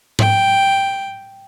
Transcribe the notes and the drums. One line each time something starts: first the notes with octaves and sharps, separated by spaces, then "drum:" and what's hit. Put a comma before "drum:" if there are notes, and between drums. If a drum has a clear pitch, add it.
G5, drum: tom G#2